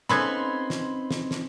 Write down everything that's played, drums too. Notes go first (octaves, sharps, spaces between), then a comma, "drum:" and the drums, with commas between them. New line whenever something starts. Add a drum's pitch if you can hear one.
C#3 B3 C4 D#4 A4 B5 C6 G#6
drum: snare
drum: snare
drum: snare